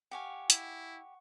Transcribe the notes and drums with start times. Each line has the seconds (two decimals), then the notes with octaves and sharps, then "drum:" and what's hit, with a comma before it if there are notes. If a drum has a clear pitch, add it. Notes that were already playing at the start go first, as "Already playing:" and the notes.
0.11 G4 F5 F#5 G#5 C#6
0.50 E4, drum: hi-hat